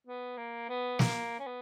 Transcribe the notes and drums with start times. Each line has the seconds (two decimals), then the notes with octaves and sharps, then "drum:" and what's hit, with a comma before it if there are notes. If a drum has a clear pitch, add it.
0.07 B3
0.38 A#3
0.69 B3
0.99 A#3, drum: snare
1.39 C#4
1.46 B3